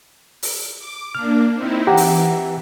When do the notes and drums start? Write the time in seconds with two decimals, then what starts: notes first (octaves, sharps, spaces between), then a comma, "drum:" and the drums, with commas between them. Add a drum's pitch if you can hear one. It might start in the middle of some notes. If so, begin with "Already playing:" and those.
0.43 drum: open hi-hat
0.79 D6
1.15 A#3 D4 F6
1.54 C4 D#4 E4
1.87 E3 G4 F#5 A#5
1.97 drum: open hi-hat